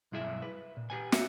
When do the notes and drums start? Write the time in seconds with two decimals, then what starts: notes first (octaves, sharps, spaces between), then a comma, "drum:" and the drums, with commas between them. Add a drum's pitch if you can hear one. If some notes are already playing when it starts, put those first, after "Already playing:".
0.12 B1 G2 E4 G#4 E5
0.42 B4
0.77 A#2
0.90 G4 B4 G#5
1.12 F#4 C#5 E5, drum: snare